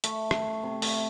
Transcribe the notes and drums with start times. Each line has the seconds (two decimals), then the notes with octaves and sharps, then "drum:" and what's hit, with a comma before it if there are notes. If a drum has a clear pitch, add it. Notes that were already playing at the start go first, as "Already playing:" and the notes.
0.04 A3, drum: hi-hat
0.31 drum: rim click
0.63 C3
0.82 A3, drum: open hi-hat